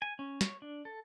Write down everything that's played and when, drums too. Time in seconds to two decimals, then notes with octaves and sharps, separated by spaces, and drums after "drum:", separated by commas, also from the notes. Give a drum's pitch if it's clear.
0.02 G#5
0.19 C#4
0.41 C#5, drum: snare
0.62 D4
0.85 A4